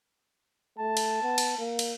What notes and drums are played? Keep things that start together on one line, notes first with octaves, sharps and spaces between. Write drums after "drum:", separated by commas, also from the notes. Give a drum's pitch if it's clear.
A3 A5
drum: cymbal
B3
drum: cymbal
A#3
drum: cymbal